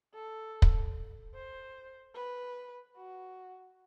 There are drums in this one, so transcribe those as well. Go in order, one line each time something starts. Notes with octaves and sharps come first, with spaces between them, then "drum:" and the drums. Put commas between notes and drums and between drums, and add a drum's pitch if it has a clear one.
A4
drum: kick
C5
B4
F#4